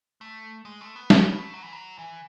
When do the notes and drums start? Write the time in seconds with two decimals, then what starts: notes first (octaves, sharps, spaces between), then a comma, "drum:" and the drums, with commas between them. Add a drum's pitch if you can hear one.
0.21 A3
0.65 G#3
0.81 A3
0.96 B3
1.10 C#4, drum: snare
1.24 B3
1.39 A3
1.54 F#3
1.62 E3
1.72 F#3
1.99 E3